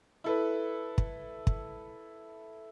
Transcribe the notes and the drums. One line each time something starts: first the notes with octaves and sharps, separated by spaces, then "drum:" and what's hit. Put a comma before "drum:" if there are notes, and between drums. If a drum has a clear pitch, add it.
E4 A4 B4
drum: kick
drum: kick